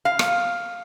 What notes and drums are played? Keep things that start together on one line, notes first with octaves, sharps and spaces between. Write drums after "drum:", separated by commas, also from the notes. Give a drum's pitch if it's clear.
F5
drum: rim click